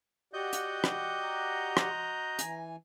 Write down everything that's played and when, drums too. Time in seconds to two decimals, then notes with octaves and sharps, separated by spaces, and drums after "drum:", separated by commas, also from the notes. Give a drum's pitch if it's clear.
0.33 F#4 G4 D5 D#5 F#5 G6
0.53 drum: hi-hat
0.84 drum: rim click
1.23 A#5
1.77 drum: rim click
2.39 E3 G#5, drum: hi-hat